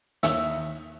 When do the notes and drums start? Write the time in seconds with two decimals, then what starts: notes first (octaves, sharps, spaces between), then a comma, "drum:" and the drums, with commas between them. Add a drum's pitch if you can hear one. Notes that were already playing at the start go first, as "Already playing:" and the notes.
0.23 D#2 E5, drum: hi-hat